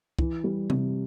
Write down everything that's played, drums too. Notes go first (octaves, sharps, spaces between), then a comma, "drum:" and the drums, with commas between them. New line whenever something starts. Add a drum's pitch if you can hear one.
E3, drum: kick
G3
C3, drum: tom C3